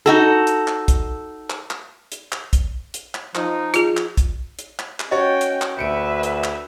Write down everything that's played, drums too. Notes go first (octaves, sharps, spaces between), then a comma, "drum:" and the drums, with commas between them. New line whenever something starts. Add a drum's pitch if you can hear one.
D#4 F#4 A4
drum: hi-hat
drum: clap
drum: kick, hi-hat
drum: clap
drum: clap
drum: hi-hat
drum: clap
drum: kick, hi-hat
drum: hi-hat
drum: clap
F3 D#4, drum: clap
F4 G#4, drum: hi-hat
drum: clap
drum: kick, hi-hat
drum: hi-hat
drum: clap
drum: clap
C#4 F#4 C#5 D#5 G5
drum: hi-hat
drum: clap
D2 B4 E5 C#7 D7
drum: hi-hat
drum: clap